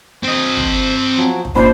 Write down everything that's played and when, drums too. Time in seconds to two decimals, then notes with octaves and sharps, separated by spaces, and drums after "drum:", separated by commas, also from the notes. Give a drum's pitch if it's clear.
0.24 C4 C5 D#5
0.57 drum: kick
1.16 F3 F#3
1.45 drum: kick
1.56 A#1 C#4 D4 C5 B5